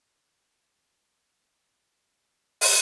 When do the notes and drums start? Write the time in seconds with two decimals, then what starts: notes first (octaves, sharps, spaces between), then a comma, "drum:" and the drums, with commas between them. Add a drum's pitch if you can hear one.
0.11 C#5 A5
2.61 drum: open hi-hat